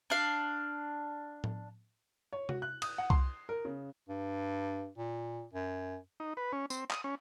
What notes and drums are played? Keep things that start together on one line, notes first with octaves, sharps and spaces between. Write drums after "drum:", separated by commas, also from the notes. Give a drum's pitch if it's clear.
D4 F5
drum: tom A2
C#5
F#4, drum: tom C3
F#6
D#6, drum: cymbal
F#5
C6, drum: kick C2
A#4
C#3
G2
A#2
F#2
D#4
B4
C#4
C4, drum: tambourine
D#6, drum: clap
C#4